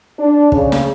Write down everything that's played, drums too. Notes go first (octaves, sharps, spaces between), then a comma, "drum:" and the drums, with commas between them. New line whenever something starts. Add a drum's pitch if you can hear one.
D4
C#3, drum: kick
drum: snare